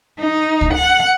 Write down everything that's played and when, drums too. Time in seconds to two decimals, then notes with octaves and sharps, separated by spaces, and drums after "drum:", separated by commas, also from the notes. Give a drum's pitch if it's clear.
0.20 D#4
0.61 drum: kick C#2
0.74 F#5